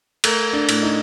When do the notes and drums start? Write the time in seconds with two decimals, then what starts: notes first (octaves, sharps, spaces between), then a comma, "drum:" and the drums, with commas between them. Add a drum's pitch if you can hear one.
0.24 A3 A#4, drum: cymbal
0.53 D4
0.69 A2, drum: cymbal
0.83 D#4